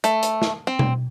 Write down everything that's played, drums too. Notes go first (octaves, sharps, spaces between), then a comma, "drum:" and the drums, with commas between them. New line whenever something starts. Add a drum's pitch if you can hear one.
A3, drum: hi-hat
drum: hi-hat
drum: snare
C4
drum: tom B2